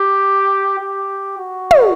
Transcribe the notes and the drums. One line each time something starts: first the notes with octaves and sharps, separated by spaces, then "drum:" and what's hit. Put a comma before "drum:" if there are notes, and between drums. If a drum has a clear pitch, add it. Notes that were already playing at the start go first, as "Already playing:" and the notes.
Already playing: G4
G4
F#4
drum: tom